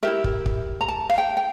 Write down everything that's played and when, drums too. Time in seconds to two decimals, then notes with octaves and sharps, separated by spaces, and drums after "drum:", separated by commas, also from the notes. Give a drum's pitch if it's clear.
0.03 E4 G4 A#4 E5
0.24 drum: kick
0.46 drum: kick
0.81 A#5
0.88 A5
1.10 F5, drum: rim click
1.18 G5
1.37 G5